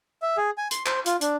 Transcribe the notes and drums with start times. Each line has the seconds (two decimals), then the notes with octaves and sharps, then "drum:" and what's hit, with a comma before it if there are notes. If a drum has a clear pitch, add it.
0.22 E5
0.37 G#4
0.58 G#5
0.71 C6, drum: hi-hat
0.86 C5, drum: clap
1.06 F4, drum: hi-hat
1.21 D4, drum: hi-hat